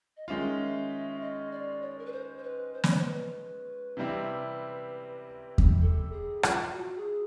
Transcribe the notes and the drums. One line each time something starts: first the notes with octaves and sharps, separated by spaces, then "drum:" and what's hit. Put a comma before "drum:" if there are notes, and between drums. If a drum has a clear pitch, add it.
D#5
D#3 G#3 C#4 F4 E5
D#5
D5
C#5
A#4
B4
C5
C5
B4
C5
D5, drum: snare
C#5
C5
B4
C3 E3 G3 C4 E4
drum: kick E2
A4
G#4
F4, drum: rim click
F#4
G#4